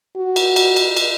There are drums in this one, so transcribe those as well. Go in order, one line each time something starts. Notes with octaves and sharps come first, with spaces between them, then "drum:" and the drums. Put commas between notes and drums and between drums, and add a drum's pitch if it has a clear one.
F#4
drum: cymbal
drum: cymbal
drum: cymbal
drum: cymbal